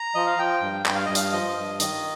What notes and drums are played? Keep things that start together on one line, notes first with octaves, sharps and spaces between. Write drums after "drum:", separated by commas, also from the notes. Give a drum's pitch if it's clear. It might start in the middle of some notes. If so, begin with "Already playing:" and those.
Already playing: A#5
F3 D#5
F5
F3 G5
G2
G2 G5, drum: clap
F5
G2 D#5
F5, drum: hi-hat
F3 D#5
G2
D#3 D#5, drum: hi-hat